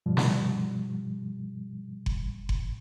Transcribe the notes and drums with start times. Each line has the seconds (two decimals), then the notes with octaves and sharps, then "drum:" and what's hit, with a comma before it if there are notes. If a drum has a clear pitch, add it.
0.06 G2 B2 F3 G3
0.17 drum: snare
2.06 drum: kick F#1
2.49 drum: kick F#1